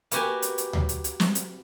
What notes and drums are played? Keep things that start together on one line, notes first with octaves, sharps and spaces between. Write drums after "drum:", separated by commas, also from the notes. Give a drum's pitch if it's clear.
A#3 B3 F#4 G4 G#5, drum: hi-hat
drum: hi-hat
drum: hi-hat
drum: tom D2
drum: hi-hat
drum: hi-hat
drum: snare
drum: hi-hat